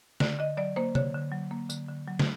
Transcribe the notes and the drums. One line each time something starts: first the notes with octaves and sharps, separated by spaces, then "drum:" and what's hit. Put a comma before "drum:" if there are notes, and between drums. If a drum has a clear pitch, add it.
D3 D5, drum: snare
D3 D#5
F#3 D5
A#3 C5
D3 C#5, drum: tom C3
D3
F#3
A#3
D3, drum: tambourine
D3
F#3
drum: snare